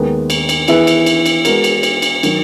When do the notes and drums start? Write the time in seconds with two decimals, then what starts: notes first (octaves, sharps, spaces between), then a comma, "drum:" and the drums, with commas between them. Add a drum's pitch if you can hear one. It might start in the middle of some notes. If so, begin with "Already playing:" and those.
Already playing: D#2 D#3 G#3 B3
0.30 drum: cymbal
0.49 drum: cymbal
0.68 E3 B3 E4 G#4 B4, drum: cymbal
0.87 drum: cymbal
1.06 drum: cymbal
1.26 drum: cymbal
1.45 G#3 B3 F#4 A#4, drum: cymbal
1.64 drum: cymbal
1.83 drum: cymbal
2.02 drum: cymbal
2.23 D#3 F#3, drum: cymbal